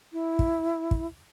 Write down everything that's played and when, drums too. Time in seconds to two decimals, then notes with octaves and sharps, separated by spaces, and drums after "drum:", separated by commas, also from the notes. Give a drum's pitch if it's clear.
0.13 E4
0.39 drum: kick
0.91 drum: kick